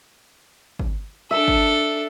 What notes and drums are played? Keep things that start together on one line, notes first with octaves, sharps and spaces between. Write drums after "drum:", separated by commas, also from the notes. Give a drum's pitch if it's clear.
drum: kick G1
D4 A4 E5
drum: kick G1